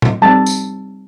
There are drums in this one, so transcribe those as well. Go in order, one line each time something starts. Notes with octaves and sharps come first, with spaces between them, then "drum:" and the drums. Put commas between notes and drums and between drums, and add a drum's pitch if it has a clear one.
drum: tom A#2
G3 C4 D#4 A5
drum: tambourine